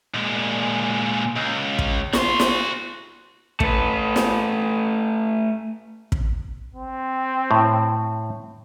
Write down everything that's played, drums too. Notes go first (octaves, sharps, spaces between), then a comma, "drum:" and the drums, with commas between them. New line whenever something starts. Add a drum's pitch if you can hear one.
A#2 G#3
C#2
drum: kick
F#4 C6, drum: snare
drum: snare
A3 B4, drum: kick
drum: snare
drum: kick
C4
A2